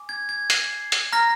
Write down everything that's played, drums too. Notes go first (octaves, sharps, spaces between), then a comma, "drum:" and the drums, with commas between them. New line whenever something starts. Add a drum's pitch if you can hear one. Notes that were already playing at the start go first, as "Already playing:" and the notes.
Already playing: G#5 D6
G#6
G#6
C7, drum: hi-hat
drum: hi-hat
A#5 F6 A#6